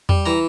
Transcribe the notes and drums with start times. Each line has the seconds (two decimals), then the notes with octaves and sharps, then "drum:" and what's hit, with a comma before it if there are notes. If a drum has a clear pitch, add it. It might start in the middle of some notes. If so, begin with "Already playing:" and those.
0.09 G3, drum: tom E2
0.26 E3 A#5